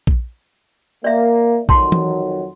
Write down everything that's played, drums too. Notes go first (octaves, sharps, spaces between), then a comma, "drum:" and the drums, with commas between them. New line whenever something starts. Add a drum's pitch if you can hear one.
drum: kick A#1
A#3 D5 E5
F2 D#3 F#3 A5 C6, drum: kick A#1
drum: tom E3